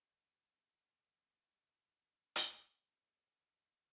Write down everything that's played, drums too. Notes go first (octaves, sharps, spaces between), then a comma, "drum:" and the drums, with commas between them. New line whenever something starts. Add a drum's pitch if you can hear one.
C3
A2
drum: hi-hat
A2